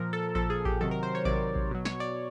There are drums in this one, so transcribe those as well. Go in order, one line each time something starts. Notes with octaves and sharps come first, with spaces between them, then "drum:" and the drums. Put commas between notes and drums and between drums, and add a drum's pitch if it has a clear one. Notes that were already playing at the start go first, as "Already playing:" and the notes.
Already playing: A#2 F3 A#4
A4
A#2 F3 A4, drum: kick A1
G#4
G4, drum: kick A1
C3 D#3 F#3 A4
A#4
C5
C#5
C3 D#3 F#3 D5, drum: kick A1
drum: kick A1
B2 F#3
C#5, drum: snare
D5